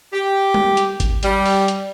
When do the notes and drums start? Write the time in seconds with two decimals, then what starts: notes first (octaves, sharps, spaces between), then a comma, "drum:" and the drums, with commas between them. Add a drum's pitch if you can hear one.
0.13 G4
0.54 drum: tom G3
0.77 drum: hi-hat
1.00 drum: kick G#1, hi-hat
1.23 G3, drum: hi-hat
1.46 drum: open hi-hat
1.68 drum: hi-hat